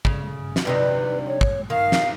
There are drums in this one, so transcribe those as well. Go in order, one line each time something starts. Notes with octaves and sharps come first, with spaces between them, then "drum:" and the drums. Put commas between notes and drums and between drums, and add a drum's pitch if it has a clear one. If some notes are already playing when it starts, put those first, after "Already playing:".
C#3, drum: kick
drum: snare
G2 C3 D#4 B4
C#5
drum: kick
D#3 A#3 F5
drum: snare